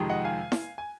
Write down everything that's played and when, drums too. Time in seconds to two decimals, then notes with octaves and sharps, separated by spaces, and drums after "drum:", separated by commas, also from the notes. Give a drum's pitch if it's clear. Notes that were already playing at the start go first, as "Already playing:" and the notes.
Already playing: F2 C3 D#3 G#3
0.10 D#5 F#5
0.24 F5 G#5
0.52 drum: snare E4
0.78 G#5